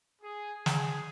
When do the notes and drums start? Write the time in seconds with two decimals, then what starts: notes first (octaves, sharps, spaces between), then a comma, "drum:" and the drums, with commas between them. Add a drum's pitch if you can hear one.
0.22 G#4
0.66 G#4, drum: snare